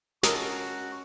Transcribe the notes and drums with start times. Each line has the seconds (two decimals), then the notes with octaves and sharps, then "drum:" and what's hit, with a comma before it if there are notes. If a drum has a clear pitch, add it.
0.23 G#3 C#4 F#4 A4 A#4 D#6, drum: snare